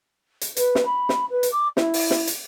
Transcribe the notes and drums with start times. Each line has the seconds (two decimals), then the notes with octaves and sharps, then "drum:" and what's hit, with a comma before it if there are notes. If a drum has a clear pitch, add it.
0.41 drum: hi-hat
0.57 B4, drum: hi-hat
0.75 drum: snare
0.86 B5
1.09 drum: snare
1.30 B4
1.43 drum: hi-hat
1.52 D6
1.77 E4, drum: snare
1.94 drum: open hi-hat
2.11 drum: snare
2.27 drum: hi-hat